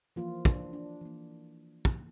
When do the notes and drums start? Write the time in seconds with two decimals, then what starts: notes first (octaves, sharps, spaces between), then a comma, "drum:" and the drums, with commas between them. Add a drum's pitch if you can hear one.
0.16 E3 F3 A#3 F4
0.45 D4, drum: kick
0.73 D4
1.01 E3 A#3
1.85 E3 A#3, drum: kick